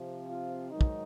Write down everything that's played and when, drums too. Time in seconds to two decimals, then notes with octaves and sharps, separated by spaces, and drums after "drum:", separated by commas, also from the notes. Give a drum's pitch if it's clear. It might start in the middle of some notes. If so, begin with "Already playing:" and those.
Already playing: C3 F3 C4
0.29 F4
0.71 G#2 D#3 F#3 D#4
0.81 drum: kick